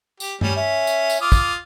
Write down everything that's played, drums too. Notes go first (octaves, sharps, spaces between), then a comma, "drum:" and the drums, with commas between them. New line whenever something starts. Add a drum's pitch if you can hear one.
G4, drum: tambourine
G3 C#4, drum: tom G2
C#4 E5
drum: tambourine
drum: tambourine
F4 D6 D#6 F6
drum: kick, tambourine